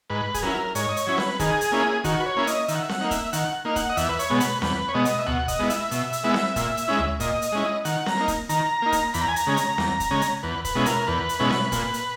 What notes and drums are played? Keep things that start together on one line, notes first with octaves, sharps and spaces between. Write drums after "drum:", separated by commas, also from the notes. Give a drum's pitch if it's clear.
G#2 B4
G#4, drum: kick, hi-hat
F#3 C#4 E4 A#4
G#2 C#5, drum: hi-hat
D#5
C#5, drum: hi-hat
F#3 C#4 E4
B4, drum: snare C4
D#3 G#4, drum: kick, hi-hat
drum: hi-hat
A#3 C#4 E4
D#3 F#4, drum: kick, hi-hat
B4
C#5
A#3 C#4 E4
D#5, drum: hi-hat
D#3 E5, drum: hi-hat
F#5
E5
F#5, drum: snare C4
A#3 D#4
E5, drum: kick, hi-hat
D#3 F#5, drum: hi-hat
A#3 D#4
F#5, drum: kick, hi-hat
D#5
E2 E5, drum: hi-hat
B4
C#5, drum: hi-hat
B2 G#3 B3
B4, drum: hi-hat
E2 B4, drum: snare C4
C#5
B2 G#3 B3 D#5
drum: hi-hat
E5
B2 F#5, drum: tom D2
D#5, drum: kick, hi-hat
G#3 B3 E4
E5, drum: hi-hat
B2, drum: hi-hat
drum: hi-hat
G#3 B3 E4
drum: snare C4
A#2, drum: kick, hi-hat
drum: hi-hat
G#3 C#4 E4
drum: tom D2
A#2 D#5, drum: kick, hi-hat
drum: hi-hat
G#3 C#4 E4
D#3 F#5, drum: hi-hat
A#5, drum: snare C4
A#3 D#4
drum: kick, hi-hat
D#3 A#5, drum: hi-hat
A#3 D#4
drum: kick, hi-hat
E2 B5, drum: hi-hat
A#5
G#5
A#5, drum: hi-hat
C#3 G#3 C#4
drum: hi-hat
E2, drum: snare C4
drum: kick, hi-hat
C#3 G#3 C#4
drum: hi-hat
E2 B4
B4, drum: kick, hi-hat
B2 G#3 C#4 E4
A#4, drum: hi-hat
E2 B4
drum: hi-hat
B2 G#3 C#4 E4
drum: snare C4
A#2, drum: kick, hi-hat
drum: hi-hat